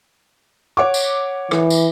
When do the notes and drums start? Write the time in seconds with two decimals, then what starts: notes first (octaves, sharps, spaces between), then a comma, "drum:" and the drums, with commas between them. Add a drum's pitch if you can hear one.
0.77 C#5 F#5 D6
0.94 drum: tambourine
1.51 E3, drum: rim click
1.70 drum: tambourine